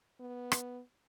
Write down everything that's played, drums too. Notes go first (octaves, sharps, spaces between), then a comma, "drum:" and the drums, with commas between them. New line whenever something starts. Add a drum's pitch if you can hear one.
B3
drum: rim click